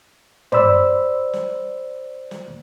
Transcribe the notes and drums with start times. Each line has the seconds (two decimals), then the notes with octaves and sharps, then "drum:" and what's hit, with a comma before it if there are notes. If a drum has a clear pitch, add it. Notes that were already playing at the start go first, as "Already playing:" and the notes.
0.52 C5 D5 B5 E6, drum: tom
1.33 drum: snare
2.31 drum: snare